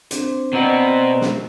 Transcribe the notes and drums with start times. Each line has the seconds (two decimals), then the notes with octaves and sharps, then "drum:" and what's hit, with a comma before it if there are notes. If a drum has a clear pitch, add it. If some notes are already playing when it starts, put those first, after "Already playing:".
0.11 C4 D4 C5, drum: hi-hat
0.53 B2 C4 F#4 D5 D#5 A#5
1.21 drum: snare